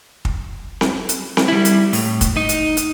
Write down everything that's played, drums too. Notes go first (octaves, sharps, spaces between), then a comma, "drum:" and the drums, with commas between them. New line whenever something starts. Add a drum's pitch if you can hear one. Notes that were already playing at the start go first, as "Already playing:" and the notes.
drum: kick
drum: snare C4
drum: hi-hat
drum: snare C4
G3 E4
drum: hi-hat
A2, drum: open hi-hat
drum: kick, hi-hat
D#4
drum: hi-hat
drum: hi-hat